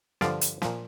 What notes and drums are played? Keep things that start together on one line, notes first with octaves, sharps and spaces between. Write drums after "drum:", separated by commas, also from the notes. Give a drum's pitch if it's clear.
G2 D3 F3 D5 F5, drum: snare
drum: hi-hat
A#2 F3, drum: snare